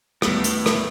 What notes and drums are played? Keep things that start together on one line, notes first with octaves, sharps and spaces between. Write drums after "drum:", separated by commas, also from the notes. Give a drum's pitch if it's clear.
D#2 A2 G3 B3, drum: rim click
drum: hi-hat
drum: rim click